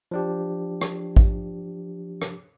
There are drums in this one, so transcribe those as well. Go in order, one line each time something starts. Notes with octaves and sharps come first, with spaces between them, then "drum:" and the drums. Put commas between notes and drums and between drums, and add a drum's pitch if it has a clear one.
F3 D4 G4
drum: rim click
drum: kick A1
drum: rim click